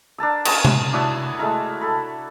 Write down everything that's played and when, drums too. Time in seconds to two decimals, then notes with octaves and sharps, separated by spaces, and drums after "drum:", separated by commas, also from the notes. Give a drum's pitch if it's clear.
0.18 D4 A#4 A5 E6
0.45 C#4 D#5, drum: cymbal
0.65 drum: tom C3
0.93 D4 E4 F#4 D#6
1.39 G#3 A3 E4 A#4
1.81 A4 B5